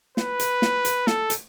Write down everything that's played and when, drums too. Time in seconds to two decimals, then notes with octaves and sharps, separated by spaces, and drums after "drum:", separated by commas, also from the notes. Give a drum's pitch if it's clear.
0.17 B4, drum: snare
0.40 drum: hi-hat
0.62 drum: snare
0.85 drum: hi-hat
1.07 A4, drum: snare
1.30 drum: hi-hat